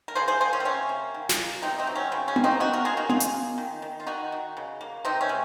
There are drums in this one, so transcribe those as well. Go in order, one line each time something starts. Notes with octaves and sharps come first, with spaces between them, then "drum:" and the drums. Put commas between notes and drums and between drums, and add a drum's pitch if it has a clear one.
A#4
C#3 G#4 C5
G#4 C5
A#3 G#4 C5
C#4
C4
C3 C#4
A#3
D#3
drum: snare
A#3
C3 C4 D#4
C4 D#4
F#3
C#4
C#3 C4
C#4
A#3, drum: tom B3
C4 D#4
C#3 D#4 F#4
F#4 A#4
A#3 F4 G#4
D#4 F#4
C#3 F4 G#4, drum: tom B3
drum: hi-hat
A#3
D#3
D#3
F4
D#3 D#4 F#4
D#3
C#3
A#3
C3 C4 D#4
C#4
G#3